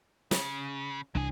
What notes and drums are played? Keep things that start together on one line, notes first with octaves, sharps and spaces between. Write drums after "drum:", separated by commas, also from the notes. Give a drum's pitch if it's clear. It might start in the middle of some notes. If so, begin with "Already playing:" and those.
C#3, drum: snare
C2 E3 F#3 D4 G#4